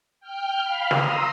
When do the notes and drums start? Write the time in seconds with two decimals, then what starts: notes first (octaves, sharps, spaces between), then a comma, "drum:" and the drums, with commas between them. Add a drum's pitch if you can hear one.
0.20 G5 F6 G6
0.61 F5 B5 F6
0.91 A#5 C6 D#6 E6, drum: snare